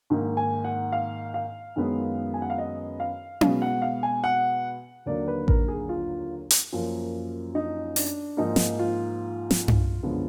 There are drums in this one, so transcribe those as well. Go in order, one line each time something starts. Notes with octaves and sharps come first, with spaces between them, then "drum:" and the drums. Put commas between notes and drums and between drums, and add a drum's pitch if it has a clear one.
G#2 D#3 A#3
G#5
F#5
F5
F5
F#2 D#3 G#3 B3
G#5
F#5
F5
D#5
F5
B2 G#3 B3 F5, drum: tom C#4
F#5
F5
G#5
F#5
D#2 D3 F#3 A#3 D5
B4
A#4, drum: kick A1
G#4
F4
drum: hi-hat
F#2 F3 A#3
D#4
D4, drum: open hi-hat
G#2 F3 A#3 D#4
drum: snare
F4
drum: snare
drum: tom G2
F#2 D3 F3 G#3 B3